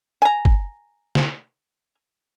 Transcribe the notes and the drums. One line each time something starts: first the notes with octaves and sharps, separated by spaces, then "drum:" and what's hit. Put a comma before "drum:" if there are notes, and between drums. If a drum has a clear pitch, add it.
G#5 A#5
drum: kick
drum: snare